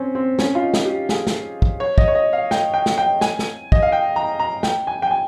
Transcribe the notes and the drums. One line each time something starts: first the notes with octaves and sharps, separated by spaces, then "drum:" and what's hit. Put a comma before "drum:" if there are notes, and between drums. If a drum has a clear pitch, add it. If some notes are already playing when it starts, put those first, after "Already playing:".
Already playing: C4 C#4
C4
C#4, drum: snare
F4
D#4
drum: snare
G4
G#4, drum: snare
drum: snare
drum: kick
C#5
D#5, drum: kick
C#5
D#5
F5
G5, drum: snare
G5
drum: snare
G5
G#5, drum: snare
drum: snare
D#5, drum: kick
F5
G5
A#5
A#5
G5, drum: snare
G#5
G5
G#5